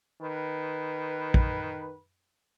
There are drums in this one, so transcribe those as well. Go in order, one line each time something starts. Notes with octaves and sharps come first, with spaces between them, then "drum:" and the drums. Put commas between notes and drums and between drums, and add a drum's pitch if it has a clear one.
D#3 B4
drum: kick